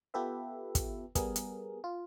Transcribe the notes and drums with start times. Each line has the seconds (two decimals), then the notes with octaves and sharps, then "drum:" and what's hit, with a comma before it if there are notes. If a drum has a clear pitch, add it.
0.14 B3 F4 G4 A4 B4 E5
0.75 drum: kick, hi-hat
1.15 G3 B3 G#4 A#4, drum: kick, hi-hat
1.36 drum: hi-hat
1.84 F4